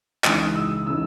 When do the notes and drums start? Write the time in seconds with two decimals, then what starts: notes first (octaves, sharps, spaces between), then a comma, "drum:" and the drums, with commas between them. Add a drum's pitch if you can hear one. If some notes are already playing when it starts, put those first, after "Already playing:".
0.24 C#2 C#3 E3 G#3 D#4 D#6, drum: clap
0.56 E6
0.87 C#3 E3 G#3 D#4 E6